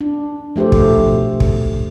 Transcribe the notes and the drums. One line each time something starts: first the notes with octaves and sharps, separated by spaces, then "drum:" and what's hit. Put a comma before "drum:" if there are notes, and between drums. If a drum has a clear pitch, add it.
D4
F3 A3 G4 A4 C5
drum: kick
B2
drum: kick